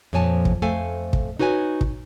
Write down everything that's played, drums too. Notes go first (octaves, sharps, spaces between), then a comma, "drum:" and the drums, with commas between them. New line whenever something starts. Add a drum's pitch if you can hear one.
F2 A#2 F3 C#5 G#5 A5
drum: kick
F2 A3 A4 C5 F5 G#5
drum: kick
D#4 F#4 B4 C#5 G#5
drum: kick